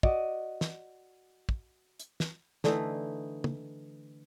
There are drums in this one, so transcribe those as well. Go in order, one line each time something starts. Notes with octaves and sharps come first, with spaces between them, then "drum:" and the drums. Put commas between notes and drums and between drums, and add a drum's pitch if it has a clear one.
F#4 D5 D#5, drum: kick
drum: snare
drum: kick
drum: hi-hat
drum: snare
D3 E3 A3 D#4, drum: snare
drum: tom